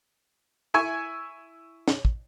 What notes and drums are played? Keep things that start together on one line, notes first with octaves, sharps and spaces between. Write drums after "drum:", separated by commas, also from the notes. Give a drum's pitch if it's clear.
E4 E5 G#5 C#6
drum: snare
drum: kick